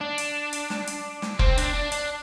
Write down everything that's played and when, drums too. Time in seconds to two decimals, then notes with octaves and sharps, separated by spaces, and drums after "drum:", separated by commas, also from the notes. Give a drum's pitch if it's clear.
0.01 D4
0.18 drum: hi-hat
0.53 drum: hi-hat
0.70 drum: snare
0.87 drum: hi-hat
1.22 drum: snare
1.39 C4, drum: kick F1
1.58 D4, drum: hi-hat
1.74 D4
1.92 D4, drum: hi-hat